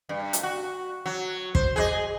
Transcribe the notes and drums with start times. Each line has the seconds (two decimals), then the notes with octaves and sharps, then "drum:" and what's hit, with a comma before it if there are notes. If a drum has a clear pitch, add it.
0.09 G2
0.33 drum: hi-hat
0.43 F#4
1.06 F#3
1.55 C5, drum: kick
1.76 G#4 B4 D#5